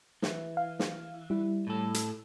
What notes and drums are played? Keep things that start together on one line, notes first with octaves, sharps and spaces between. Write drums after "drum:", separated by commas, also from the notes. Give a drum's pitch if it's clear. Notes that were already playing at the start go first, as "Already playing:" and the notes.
E3, drum: snare
F5
drum: snare
G3 E4
A2 A4
drum: hi-hat